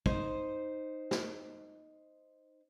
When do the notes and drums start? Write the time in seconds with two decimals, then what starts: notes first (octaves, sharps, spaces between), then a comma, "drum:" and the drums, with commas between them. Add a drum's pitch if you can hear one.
0.06 D#4 C5, drum: kick
1.11 drum: snare